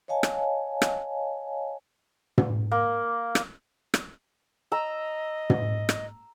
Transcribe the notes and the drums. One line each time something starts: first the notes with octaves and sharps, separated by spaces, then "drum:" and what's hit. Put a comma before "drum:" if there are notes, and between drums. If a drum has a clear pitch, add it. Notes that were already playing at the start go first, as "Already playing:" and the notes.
C#5 D#5 F5 G#5 A5
drum: rim click
drum: rim click
drum: tom
A#3
drum: rim click
drum: rim click
D#5 A#5 E6
drum: tom
drum: rim click